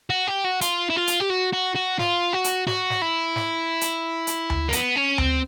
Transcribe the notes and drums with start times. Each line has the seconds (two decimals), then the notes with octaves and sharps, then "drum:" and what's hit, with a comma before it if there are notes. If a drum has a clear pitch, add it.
0.10 F#4
0.27 G4
0.45 F#4
0.61 F4, drum: hi-hat
0.90 E4
0.96 F4
1.07 drum: hi-hat
1.20 G4
1.30 F#4
1.53 F#4
1.76 F#4
1.99 F4, drum: snare
2.33 F#4
2.44 drum: hi-hat
2.67 F#4, drum: snare
2.90 drum: snare
3.02 E4
3.36 drum: snare
3.81 drum: hi-hat
4.27 drum: hi-hat
4.50 drum: tom D2
4.69 A#3
4.73 B3, drum: hi-hat
4.96 C#4
5.18 C4, drum: tom D2